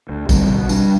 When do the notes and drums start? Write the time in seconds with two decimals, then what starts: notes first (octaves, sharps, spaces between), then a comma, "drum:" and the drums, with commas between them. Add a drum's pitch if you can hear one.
0.09 D2
0.29 D3 G3 C4, drum: kick, tambourine
0.49 B2
0.69 G3 D4, drum: tambourine